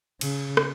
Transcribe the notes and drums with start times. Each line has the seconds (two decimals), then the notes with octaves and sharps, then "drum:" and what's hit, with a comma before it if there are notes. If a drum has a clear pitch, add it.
0.21 C#3, drum: cymbal
0.57 drum: rim click